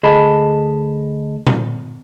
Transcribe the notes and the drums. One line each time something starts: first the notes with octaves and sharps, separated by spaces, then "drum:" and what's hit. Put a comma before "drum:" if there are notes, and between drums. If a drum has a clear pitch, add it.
D2 G#4 D#5 A5 B5
drum: tom A#2